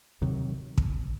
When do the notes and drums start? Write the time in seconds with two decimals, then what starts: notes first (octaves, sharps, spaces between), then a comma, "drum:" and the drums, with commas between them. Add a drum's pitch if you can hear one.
0.21 E2 C3 D#3 F#3
0.78 drum: kick